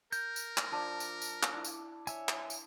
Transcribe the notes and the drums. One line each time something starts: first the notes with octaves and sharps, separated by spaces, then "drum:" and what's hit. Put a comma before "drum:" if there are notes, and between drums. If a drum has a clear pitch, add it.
A#4 G6, drum: tambourine
drum: tambourine
drum: clap
F3 D4 A5
drum: tambourine
drum: tambourine
drum: clap
D4 E4
drum: tambourine
C#5 E5 G#5, drum: tambourine
drum: clap
drum: tambourine